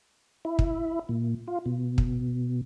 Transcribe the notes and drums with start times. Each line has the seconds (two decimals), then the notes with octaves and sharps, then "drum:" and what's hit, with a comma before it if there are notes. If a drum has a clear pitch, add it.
0.45 E4
0.59 drum: kick
1.09 A#2
1.48 F4
1.66 B2
1.98 drum: kick